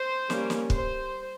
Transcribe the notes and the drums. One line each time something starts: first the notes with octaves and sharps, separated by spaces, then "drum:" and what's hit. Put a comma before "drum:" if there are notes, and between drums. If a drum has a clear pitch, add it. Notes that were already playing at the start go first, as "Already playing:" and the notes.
Already playing: C5
G3 A#3 C#4, drum: snare
drum: snare
C5, drum: kick